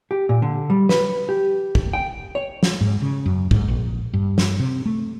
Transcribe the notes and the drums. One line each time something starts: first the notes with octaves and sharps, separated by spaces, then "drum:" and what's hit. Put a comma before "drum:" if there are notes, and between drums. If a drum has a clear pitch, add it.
G4
A#2
D3
G3
B4, drum: snare
G4
drum: kick
G5
C#5
drum: snare
G#2
C#3
F#2
G#2, drum: kick
A#1
G2
drum: snare
C3
A3